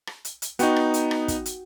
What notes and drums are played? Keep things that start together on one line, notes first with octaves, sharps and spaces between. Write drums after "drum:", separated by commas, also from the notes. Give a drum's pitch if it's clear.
drum: rim click
drum: hi-hat
drum: hi-hat
B3 D#4 F#4 G5 C#6, drum: hi-hat
drum: rim click
drum: hi-hat
drum: rim click
drum: kick, hi-hat
drum: hi-hat